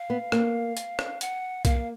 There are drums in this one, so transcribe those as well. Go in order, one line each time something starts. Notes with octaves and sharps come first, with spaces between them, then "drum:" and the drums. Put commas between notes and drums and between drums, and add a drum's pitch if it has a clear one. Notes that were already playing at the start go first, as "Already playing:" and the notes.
Already playing: F5
B3
A#3, drum: rim click
drum: hi-hat
drum: rim click
F#5, drum: hi-hat
A#3 F5, drum: kick B1, hi-hat